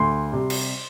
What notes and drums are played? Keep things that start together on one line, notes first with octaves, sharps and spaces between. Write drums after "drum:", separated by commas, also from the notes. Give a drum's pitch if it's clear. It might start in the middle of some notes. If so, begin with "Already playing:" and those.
Already playing: D2 C6
C3 G3
drum: cymbal